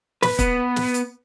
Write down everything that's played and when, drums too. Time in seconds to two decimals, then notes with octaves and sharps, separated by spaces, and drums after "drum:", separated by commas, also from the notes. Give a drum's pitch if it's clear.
0.22 B4, drum: snare
0.39 B3, drum: kick, hi-hat
0.76 drum: snare
0.94 drum: hi-hat